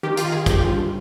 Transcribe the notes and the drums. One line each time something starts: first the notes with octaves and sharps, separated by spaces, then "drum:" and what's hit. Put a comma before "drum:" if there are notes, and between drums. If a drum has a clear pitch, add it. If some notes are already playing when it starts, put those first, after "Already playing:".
D#3 G4
F4, drum: hi-hat
D#3
G#4
G1 G4, drum: kick, hi-hat
F4
G2